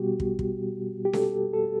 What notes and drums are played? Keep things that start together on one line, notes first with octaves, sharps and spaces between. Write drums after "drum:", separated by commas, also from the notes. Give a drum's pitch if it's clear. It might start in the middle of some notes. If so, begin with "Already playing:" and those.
Already playing: B2 G3 B3 F#4 G4
drum: kick
drum: kick
G4
A4, drum: snare C#4
A4